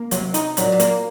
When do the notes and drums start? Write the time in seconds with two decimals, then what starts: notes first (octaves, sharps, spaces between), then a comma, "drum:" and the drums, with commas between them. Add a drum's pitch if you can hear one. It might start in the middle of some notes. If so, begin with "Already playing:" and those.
Already playing: A#3
0.11 C3 F#3, drum: hi-hat
0.34 D#4, drum: hi-hat
0.57 A#2 F#3, drum: hi-hat
0.72 A#2
0.79 A#3, drum: hi-hat